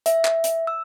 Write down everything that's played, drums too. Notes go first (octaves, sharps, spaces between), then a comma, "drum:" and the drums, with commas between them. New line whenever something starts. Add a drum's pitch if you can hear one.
E5, drum: hi-hat
drum: clap
drum: hi-hat
E6